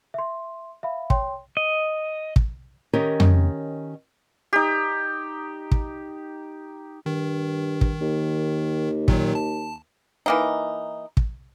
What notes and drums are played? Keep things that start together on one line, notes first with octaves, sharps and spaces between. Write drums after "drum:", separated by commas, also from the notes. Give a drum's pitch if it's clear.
E5 C6
E5 F5 B5
C#5 G5 C6, drum: kick
D#5
drum: kick
D#3 C#4 G4 A#4 C#5 D#5
drum: tom F2
D#4 G4
drum: kick
G2 D#3
drum: kick
D#2
A#2 D#3 F#3, drum: kick
A5
E3 A#3 D#4
drum: kick